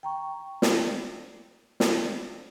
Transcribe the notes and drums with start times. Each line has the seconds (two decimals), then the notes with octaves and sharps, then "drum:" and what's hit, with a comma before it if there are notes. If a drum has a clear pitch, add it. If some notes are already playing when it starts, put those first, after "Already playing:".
0.03 G5 A#5 C#6
0.62 drum: snare
1.80 drum: snare